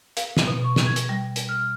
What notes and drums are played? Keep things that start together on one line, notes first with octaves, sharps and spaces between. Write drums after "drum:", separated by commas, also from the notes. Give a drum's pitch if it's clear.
F5, drum: hi-hat
drum: snare
B2
C#6
drum: snare
G#6
drum: hi-hat
G3
drum: hi-hat
F6